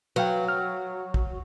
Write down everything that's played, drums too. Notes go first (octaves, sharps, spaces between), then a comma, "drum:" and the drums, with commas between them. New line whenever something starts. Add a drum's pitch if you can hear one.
F#3 B4 F5 G5
F6
drum: kick